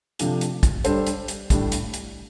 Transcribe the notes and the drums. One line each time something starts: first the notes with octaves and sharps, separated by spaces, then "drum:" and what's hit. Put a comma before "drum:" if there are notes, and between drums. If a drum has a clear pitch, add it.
C3 F3 A3 D4 G4, drum: hi-hat
drum: hi-hat
drum: kick, hi-hat
G3 D4 A4 C5, drum: hi-hat
drum: hi-hat
drum: hi-hat
A2 G3 D4, drum: kick, hi-hat
drum: hi-hat
drum: hi-hat